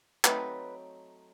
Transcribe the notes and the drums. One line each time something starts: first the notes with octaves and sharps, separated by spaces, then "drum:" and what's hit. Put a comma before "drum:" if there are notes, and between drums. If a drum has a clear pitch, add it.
F#3 A3 C4 D#4 B4, drum: clap